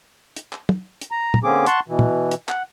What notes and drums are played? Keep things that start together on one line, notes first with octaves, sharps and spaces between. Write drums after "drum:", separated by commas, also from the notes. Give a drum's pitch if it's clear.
drum: hi-hat
drum: clap
drum: tom
drum: hi-hat
A#5
drum: tom
D3 A#3 C4 C#4 G#4 D6
F#5 A5 C6 C#6, drum: hi-hat
B2 E3
drum: tom
drum: hi-hat
F#5, drum: clap